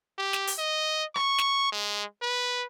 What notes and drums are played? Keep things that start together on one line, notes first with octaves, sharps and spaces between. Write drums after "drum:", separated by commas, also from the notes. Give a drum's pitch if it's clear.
G4
drum: snare
drum: open hi-hat
D#5
C#6, drum: rim click
drum: snare
G#3
B4